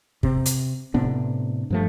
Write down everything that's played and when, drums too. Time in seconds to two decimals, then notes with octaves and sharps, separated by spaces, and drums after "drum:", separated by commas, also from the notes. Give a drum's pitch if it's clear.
0.23 C3 C4, drum: kick
0.46 drum: hi-hat
0.94 A2 C3 B3 D4
1.70 G2 F3 A3